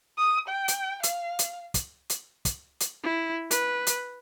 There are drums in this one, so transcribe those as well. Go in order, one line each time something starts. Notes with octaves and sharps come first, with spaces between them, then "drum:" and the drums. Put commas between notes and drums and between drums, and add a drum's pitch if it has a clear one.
D#6
G5
drum: hi-hat
F5, drum: hi-hat
drum: hi-hat
drum: kick, hi-hat
drum: hi-hat
drum: kick, hi-hat
drum: hi-hat
E4
B4, drum: hi-hat
drum: hi-hat